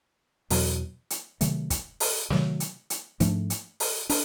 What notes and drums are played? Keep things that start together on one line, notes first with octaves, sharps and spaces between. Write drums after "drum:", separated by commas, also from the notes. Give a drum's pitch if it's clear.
E2 B2 F#3, drum: open hi-hat
drum: hi-hat
C3 D#3 F#3 A3, drum: hi-hat
drum: kick, hi-hat
drum: open hi-hat
C3 D#3 F#3 A3, drum: snare
drum: hi-hat
drum: hi-hat
G#2 F3 A3 D4, drum: kick, hi-hat
drum: hi-hat
drum: open hi-hat
D4, drum: open hi-hat